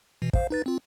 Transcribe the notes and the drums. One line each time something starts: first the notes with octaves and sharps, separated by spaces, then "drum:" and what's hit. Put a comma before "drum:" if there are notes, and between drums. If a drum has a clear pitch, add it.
B2 E3
C5 F5, drum: kick
D#4 B4 A6
C4 F4